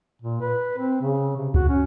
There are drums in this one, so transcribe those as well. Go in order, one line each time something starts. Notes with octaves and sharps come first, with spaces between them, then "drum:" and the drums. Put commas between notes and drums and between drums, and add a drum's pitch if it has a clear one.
A#2
B4
C4
C#3
C3
F#4, drum: kick
C#4